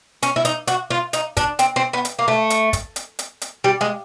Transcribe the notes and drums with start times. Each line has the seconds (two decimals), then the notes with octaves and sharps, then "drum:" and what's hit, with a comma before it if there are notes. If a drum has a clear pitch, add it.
0.23 C#4, drum: hi-hat
0.36 E4
0.45 D#4, drum: hi-hat
0.67 F#4, drum: hi-hat
0.90 F4
1.13 D#4, drum: hi-hat
1.37 D4, drum: kick, hi-hat
1.59 C4, drum: hi-hat
1.76 C4
1.93 B3
2.05 drum: hi-hat
2.19 A#3
2.28 A3
2.50 drum: hi-hat
2.73 drum: kick, hi-hat
2.96 drum: hi-hat
3.19 drum: hi-hat
3.41 drum: hi-hat
3.64 G3
3.81 G#3